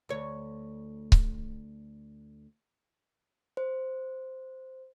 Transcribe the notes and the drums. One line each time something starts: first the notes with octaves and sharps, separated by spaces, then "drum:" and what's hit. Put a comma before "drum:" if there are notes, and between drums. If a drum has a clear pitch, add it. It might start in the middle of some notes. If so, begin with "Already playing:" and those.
D2 C#5
drum: kick C#1
C5